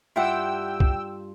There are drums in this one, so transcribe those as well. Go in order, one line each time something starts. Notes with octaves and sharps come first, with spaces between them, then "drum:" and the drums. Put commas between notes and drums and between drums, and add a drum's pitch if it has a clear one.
G2 E4 F4 G4 F#5 G5 E6
drum: kick